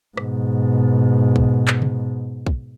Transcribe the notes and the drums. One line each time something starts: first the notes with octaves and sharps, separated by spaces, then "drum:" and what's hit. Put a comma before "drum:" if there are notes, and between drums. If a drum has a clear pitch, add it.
G#2 B2, drum: rim click
drum: kick
drum: clap
drum: tom C3
drum: kick